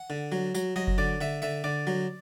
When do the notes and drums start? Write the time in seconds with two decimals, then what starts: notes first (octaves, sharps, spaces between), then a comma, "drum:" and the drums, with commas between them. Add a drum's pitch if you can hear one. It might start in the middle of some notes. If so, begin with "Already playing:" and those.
Already playing: F#5
0.10 D3
0.32 F#3
0.55 F#3, drum: tambourine
0.76 F#3 D#5
0.87 drum: kick F#1
0.98 D3 D5
1.21 D3 E5
1.42 D3 E5
1.64 D3 D5
1.87 F#3